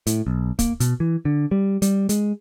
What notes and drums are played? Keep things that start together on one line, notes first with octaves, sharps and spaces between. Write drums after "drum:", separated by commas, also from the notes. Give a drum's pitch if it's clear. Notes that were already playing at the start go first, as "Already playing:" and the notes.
A2, drum: hi-hat
B1
A#3, drum: kick, hi-hat
B2, drum: hi-hat
E3
D3
G3
G3, drum: hi-hat
G#3, drum: hi-hat